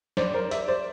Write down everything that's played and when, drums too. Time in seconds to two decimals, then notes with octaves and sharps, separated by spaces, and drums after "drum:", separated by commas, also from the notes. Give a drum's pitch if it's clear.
0.17 C5 D5, drum: snare
0.34 A#4 C5
0.51 D5 E5, drum: hi-hat
0.68 C5 D5